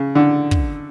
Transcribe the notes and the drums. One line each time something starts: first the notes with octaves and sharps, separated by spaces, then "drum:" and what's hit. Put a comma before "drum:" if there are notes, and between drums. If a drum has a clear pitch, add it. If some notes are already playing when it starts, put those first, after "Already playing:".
Already playing: C#3
D3
drum: kick